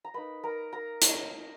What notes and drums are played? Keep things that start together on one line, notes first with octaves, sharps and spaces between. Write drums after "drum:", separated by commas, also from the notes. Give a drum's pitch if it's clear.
A#5
A#3 D#4 B4 B5
A#4 A#5
A#4 A#5
D#4, drum: hi-hat